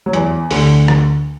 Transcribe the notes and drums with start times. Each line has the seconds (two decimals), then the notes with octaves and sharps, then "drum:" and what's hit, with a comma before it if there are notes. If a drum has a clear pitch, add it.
0.06 F#3
0.13 E2 E3, drum: hi-hat
0.51 D2 D3, drum: open hi-hat
0.88 drum: rim click